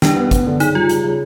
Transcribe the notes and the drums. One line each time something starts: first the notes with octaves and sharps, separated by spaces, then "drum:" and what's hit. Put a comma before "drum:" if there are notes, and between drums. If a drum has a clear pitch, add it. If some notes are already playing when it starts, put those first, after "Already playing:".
G3 D4, drum: snare
B3
B3, drum: kick, hi-hat
D3
C#3 D#4, drum: hi-hat
G3 F4
C#3, drum: hi-hat
C#3